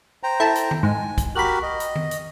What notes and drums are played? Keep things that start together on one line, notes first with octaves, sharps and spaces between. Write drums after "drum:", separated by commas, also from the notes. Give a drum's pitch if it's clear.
C5 G5 A#5
E4 A4 A5
drum: hi-hat
drum: tom D#3
G#2 G#5
drum: kick, hi-hat
F#4 G4 A#4 B5 F#6
D#5
drum: hi-hat
drum: tom D#3
drum: hi-hat